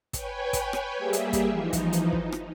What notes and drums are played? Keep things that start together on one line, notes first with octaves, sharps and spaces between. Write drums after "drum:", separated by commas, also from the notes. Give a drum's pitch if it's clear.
B4 C#5 G5 G#5, drum: kick, hi-hat
drum: kick, hi-hat
drum: rim click
G3 A#3 G4 G#4 E5
drum: hi-hat
drum: kick, hi-hat
E3 F3 D#4
drum: kick, hi-hat
drum: hi-hat
drum: kick
drum: rim click